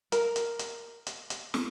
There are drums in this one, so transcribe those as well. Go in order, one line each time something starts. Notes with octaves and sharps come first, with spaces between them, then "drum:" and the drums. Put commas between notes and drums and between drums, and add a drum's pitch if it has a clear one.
A#4, drum: hi-hat
drum: hi-hat
drum: hi-hat
drum: hi-hat
drum: hi-hat
drum: snare